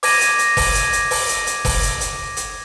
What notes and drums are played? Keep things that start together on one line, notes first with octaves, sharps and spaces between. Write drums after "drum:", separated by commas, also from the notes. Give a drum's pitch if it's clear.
D6 G#6 A#6 D#7, drum: open hi-hat
drum: hi-hat
drum: hi-hat
drum: kick F#1, open hi-hat
drum: hi-hat
drum: hi-hat
drum: open hi-hat
drum: hi-hat
drum: hi-hat
drum: kick F#1, open hi-hat
drum: hi-hat
drum: hi-hat
drum: hi-hat